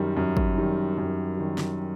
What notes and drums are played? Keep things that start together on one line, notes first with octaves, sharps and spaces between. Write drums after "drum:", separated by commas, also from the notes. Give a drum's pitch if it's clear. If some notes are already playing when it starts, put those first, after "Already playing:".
Already playing: F#2 D#3 G3
F#2
drum: kick
D#3 G3
F#2
D#3 G3
drum: snare